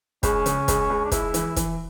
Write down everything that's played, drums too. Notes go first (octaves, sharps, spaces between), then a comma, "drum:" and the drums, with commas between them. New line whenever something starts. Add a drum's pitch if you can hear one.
C#2 C#4, drum: kick, hi-hat
C#3, drum: hi-hat
C#2, drum: kick, hi-hat
C#2
D4
C#2 E4, drum: kick, hi-hat
E3, drum: hi-hat
E3, drum: kick, hi-hat